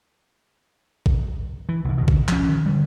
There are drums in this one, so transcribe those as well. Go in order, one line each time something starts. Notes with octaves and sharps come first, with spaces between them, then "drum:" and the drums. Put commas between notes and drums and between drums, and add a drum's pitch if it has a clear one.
drum: kick A1
E3
C2 G#2
D2 B2
drum: kick A1
F3 C#4, drum: clap
D#3
D3 G3